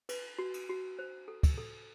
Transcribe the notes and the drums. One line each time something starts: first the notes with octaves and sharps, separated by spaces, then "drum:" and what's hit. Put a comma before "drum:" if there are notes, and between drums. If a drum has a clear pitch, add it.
B4, drum: cymbal
F#4
drum: cymbal
F#4
C5
A4
drum: kick, cymbal
A4